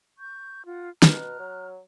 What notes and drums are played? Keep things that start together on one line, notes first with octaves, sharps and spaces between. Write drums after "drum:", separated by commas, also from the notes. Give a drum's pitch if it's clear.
C#6 G6
F4 F#5
B2 A#5 F6 F#6, drum: snare
F#3